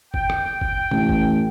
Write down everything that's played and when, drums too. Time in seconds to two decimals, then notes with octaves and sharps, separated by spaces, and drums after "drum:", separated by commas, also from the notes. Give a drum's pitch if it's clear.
0.14 G5, drum: kick G1
0.30 drum: rim click
0.61 drum: kick G1
0.91 A1, drum: tom
1.09 drum: kick G1